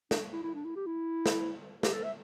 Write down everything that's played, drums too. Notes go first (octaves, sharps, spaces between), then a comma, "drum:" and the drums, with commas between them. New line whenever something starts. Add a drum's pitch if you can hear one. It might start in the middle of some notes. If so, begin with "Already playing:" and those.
D4, drum: snare
E4
E4
D4
E4
G4
E4
drum: snare
G4, drum: snare
A4
E5